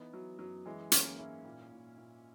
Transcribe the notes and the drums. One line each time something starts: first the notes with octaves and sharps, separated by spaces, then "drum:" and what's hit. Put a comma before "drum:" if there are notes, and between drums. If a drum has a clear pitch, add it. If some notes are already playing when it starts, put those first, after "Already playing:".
Already playing: E3 B3 D#4
E3 F#3
F#2 F#3
E3 G#3
E3 A#3 C#4, drum: hi-hat
G#2 C#4 E4
A#2
A#2
A#2